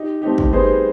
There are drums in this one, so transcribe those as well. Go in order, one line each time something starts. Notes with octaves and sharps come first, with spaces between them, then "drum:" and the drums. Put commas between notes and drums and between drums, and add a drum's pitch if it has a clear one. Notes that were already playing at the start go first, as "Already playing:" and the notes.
Already playing: D#4 G4
A3 C4 D#4 G4
drum: kick
G3 B3 D#4 G#4 C5